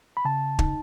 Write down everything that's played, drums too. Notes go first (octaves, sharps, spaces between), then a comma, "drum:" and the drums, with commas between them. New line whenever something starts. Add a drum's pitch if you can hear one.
B5
C#3 A5
D#4, drum: kick